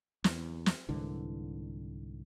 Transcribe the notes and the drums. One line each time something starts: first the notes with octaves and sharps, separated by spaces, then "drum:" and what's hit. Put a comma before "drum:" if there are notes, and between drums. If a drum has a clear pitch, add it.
E2, drum: snare
drum: snare
C2 G#2 D3 E3